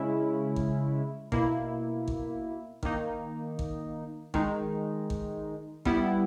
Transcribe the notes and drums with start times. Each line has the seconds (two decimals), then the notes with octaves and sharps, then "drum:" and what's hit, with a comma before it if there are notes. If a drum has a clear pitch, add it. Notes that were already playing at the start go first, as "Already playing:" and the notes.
Already playing: C#3 G#3 C#4 E4
0.56 drum: kick G#1
1.32 B2 A#3 E4, drum: kick G#1
2.08 drum: kick G#1
2.83 D#3 A#3 D#4, drum: kick G#1
3.59 drum: kick G#1
4.34 D#3 G#3 D#4, drum: kick G#1
5.10 drum: kick G#1
5.85 G3 B3 E4, drum: kick G#1